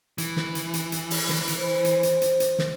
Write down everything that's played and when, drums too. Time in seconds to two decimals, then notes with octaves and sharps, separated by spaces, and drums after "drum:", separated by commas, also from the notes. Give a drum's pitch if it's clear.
0.18 E3, drum: hi-hat
0.37 drum: snare
0.55 drum: hi-hat
0.74 drum: hi-hat
0.92 drum: hi-hat
1.11 drum: open hi-hat
1.29 drum: snare
1.48 drum: hi-hat
1.60 C5
1.85 drum: hi-hat
2.03 drum: hi-hat
2.22 drum: hi-hat
2.40 drum: hi-hat
2.59 drum: snare